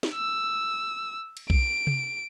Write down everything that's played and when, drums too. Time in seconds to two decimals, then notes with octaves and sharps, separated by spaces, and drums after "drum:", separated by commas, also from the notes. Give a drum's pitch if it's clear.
0.03 drum: snare
0.15 E6
1.37 drum: cymbal
1.50 D7, drum: kick B1
1.87 drum: tom C3